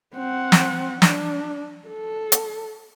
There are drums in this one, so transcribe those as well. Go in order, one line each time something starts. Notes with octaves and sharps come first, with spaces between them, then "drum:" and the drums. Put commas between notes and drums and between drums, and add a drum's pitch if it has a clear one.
C4 F#5
drum: snare
D4, drum: snare
A4
drum: hi-hat